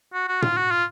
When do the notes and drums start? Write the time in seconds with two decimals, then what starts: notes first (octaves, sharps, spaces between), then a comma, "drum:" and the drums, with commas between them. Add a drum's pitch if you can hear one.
0.14 F#4
0.28 F#4
0.42 F4, drum: tom
0.57 F#4
0.71 F4